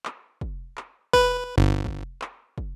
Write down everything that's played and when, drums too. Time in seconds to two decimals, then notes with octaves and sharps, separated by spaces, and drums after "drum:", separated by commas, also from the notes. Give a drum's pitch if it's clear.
0.05 drum: clap
0.41 drum: kick
0.77 drum: clap
1.13 B4, drum: kick
1.58 G1
1.86 drum: kick
2.22 drum: clap
2.58 drum: kick